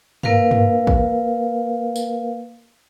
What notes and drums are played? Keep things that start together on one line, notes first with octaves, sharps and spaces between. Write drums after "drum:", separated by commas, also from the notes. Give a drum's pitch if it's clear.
A#3 A#4 B4 F5, drum: tom G2
drum: tom G2
drum: kick A1
drum: tambourine